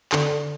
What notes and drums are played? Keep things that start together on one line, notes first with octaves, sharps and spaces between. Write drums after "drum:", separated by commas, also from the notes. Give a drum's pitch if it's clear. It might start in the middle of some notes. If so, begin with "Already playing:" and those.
D3, drum: clap